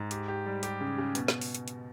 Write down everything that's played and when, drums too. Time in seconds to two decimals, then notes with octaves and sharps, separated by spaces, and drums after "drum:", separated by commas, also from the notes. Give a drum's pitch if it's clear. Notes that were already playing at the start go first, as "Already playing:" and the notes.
Already playing: G#2
0.11 G4, drum: hi-hat
0.28 G4
0.46 G3
0.63 G4, drum: hi-hat
0.81 C#3
0.98 C#3
1.15 B2, drum: hi-hat
1.28 drum: snare
1.41 drum: open hi-hat
1.55 drum: hi-hat
1.68 drum: hi-hat